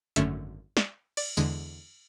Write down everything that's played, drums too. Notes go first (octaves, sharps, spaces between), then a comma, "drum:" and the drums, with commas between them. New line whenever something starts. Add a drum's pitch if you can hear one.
G#1 F#2 D3 A3 C#4 E5, drum: hi-hat
D5, drum: snare
D5, drum: cymbal
E2 D3 G#3, drum: tambourine